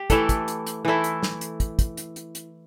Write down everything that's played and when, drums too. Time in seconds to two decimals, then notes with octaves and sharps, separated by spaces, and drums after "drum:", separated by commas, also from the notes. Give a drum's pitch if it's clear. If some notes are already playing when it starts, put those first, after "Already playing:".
Already playing: G4
0.10 E3 A3 E4 A4, drum: kick, hi-hat
0.29 drum: kick, hi-hat
0.48 drum: hi-hat
0.66 drum: hi-hat
0.85 E3 A3 E4
1.04 drum: hi-hat
1.23 drum: snare
1.41 drum: hi-hat
1.60 drum: kick, hi-hat
1.79 drum: kick, hi-hat
1.97 drum: hi-hat
2.16 drum: hi-hat
2.35 drum: hi-hat